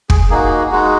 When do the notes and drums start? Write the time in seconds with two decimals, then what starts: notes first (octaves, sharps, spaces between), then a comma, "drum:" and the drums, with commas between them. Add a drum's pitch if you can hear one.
0.10 G#4, drum: kick
0.30 A#3 D#4 F#4 G#4
0.44 G#4
0.58 G#4
0.72 G#3 D#4 F#4